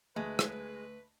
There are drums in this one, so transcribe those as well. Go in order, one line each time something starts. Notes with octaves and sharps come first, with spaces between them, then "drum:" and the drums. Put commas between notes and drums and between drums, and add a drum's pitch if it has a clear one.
D2 G#3 B4
drum: rim click